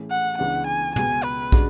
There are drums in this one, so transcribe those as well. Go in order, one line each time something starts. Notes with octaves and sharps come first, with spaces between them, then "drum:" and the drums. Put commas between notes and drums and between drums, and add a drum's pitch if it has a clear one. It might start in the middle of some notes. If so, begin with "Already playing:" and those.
Already playing: A2 E3 A3 C#4 G#4
F#5
C#2 C#3 E3 B3 D4 F#5
G#5
C#2 B2 G#3 B3 G#5, drum: tom
B4
C#3 G#3 D4 F#4, drum: kick